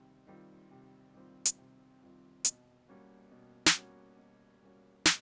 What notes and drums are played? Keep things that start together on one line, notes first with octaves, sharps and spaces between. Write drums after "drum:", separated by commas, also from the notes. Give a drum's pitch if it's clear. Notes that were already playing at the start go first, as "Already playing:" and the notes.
Already playing: C3 D#3 G3 C4
D#3 G3 C4 F4
C3
D#3 G3 C4 F4
drum: hi-hat
C3
D#3 G3 C4 F4
B2, drum: hi-hat
G3 A#3 C#4 F#4
B2
drum: snare
G3 A#3 C#4 F#4
B2
G3 A#3 C#4 F#4
B2, drum: snare